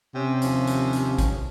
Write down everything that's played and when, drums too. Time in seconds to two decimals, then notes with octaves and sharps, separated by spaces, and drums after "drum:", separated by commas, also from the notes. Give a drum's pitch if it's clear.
0.15 C3 C#4 G5
0.42 D#2 F3 C#4, drum: hi-hat
0.67 drum: hi-hat
0.93 drum: hi-hat
1.19 drum: kick A1, hi-hat